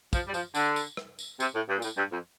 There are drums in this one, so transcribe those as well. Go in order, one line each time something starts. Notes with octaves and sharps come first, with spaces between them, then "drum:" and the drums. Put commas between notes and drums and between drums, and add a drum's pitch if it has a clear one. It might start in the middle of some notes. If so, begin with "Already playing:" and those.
F3, drum: kick, tambourine
G3
F3, drum: tambourine
D3, drum: tambourine
drum: tambourine
drum: rim click
drum: tambourine
C3, drum: tambourine
A2
G2
A#2
A2, drum: tambourine
G2
F2